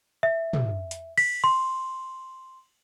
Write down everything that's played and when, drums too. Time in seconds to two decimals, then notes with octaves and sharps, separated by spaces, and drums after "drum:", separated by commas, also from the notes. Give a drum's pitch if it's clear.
0.23 E5
0.53 drum: tom
0.91 drum: hi-hat
1.18 B6, drum: cymbal
1.44 C6